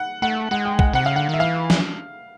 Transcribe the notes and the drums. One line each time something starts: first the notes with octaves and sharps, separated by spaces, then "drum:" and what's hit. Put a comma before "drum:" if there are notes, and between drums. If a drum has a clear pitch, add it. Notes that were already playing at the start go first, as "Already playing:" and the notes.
Already playing: F#5
A3 F#5
G#3 F#5
G5
F#5, drum: kick
C3 F#5
C#3 F5
D3 F#5
D#3 E5
E3 F5
drum: snare